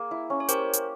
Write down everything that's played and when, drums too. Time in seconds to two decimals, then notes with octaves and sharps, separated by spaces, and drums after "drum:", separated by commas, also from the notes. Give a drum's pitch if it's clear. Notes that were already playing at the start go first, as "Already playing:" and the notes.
Already playing: A#3 G#4
0.11 E4
0.30 C#4
0.40 C#5
0.49 G4 A#4 C5, drum: hi-hat
0.73 drum: hi-hat